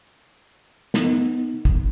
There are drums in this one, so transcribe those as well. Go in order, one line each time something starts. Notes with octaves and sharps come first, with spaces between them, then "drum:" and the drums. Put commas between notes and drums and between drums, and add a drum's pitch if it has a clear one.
B3 D#4, drum: snare
drum: kick